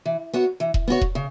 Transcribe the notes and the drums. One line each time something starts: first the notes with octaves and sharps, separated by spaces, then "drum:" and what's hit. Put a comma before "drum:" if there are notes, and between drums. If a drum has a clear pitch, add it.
E3
B3 F#4 C#5
E3
drum: kick E1
B3 F#4 C#5
drum: kick E1
C#3